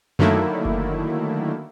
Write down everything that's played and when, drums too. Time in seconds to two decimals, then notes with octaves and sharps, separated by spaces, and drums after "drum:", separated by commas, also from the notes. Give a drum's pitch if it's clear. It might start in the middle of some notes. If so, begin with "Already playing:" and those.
0.19 D3 D#3 F#3 A3 A#3 E4, drum: tom F#2
0.65 drum: kick F#1